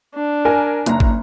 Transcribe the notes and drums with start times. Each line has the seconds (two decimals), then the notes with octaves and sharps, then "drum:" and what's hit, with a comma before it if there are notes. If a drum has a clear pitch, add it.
0.14 D4
0.45 A#4 G#5
0.86 F#1 A#5, drum: hi-hat
1.00 drum: kick